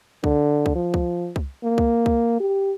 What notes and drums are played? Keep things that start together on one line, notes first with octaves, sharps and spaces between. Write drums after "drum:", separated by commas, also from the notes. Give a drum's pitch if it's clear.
D3, drum: kick C2
drum: kick C2
F3
drum: kick C2
drum: kick C2
A#3
drum: kick C2
drum: kick C2
G4